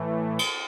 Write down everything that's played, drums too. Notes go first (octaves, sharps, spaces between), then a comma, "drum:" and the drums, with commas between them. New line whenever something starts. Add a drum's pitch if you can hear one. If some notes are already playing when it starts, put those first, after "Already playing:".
Already playing: A2 E3 A3
drum: cymbal